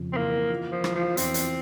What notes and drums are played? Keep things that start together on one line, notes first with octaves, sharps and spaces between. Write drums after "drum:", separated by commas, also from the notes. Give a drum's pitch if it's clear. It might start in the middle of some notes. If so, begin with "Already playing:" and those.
Already playing: F2 C#3
C4
E3 A#3
F4
F3
E3, drum: rim click
F3
E2 C4, drum: hi-hat
drum: hi-hat